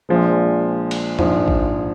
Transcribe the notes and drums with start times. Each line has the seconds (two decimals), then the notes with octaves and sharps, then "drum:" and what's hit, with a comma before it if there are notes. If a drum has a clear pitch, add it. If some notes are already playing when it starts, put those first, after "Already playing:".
0.09 A#1 A#2 F3 G#3
0.91 drum: cymbal
1.19 A#1 G#2 F3, drum: tom
1.48 drum: kick A1